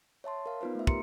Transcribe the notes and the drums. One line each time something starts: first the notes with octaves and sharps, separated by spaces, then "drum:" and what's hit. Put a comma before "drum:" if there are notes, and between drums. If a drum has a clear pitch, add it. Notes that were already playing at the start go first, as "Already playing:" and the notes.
C#5 E5 A5 C6
A#4 F5
B3 D#4 F4 B4 C5
A3 E5
G4 A#4 A#5 C6 C#7, drum: kick